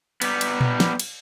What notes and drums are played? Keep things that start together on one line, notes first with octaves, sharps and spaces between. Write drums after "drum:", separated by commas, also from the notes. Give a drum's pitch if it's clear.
G3 B3, drum: cymbal
drum: cymbal
drum: tom A#2
drum: snare
drum: cymbal